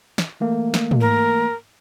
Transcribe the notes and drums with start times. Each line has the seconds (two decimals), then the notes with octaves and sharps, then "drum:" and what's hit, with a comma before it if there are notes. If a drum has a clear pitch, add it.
0.18 drum: snare
0.40 E3 A3 A#3
0.74 drum: snare
0.91 drum: tom
1.01 A#4